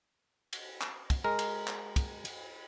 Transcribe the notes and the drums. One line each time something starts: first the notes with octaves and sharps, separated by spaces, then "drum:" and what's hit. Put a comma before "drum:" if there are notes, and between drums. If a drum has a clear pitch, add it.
drum: cymbal
drum: clap
drum: kick, cymbal
G#3 A#4
drum: cymbal
drum: clap
drum: kick, cymbal
drum: cymbal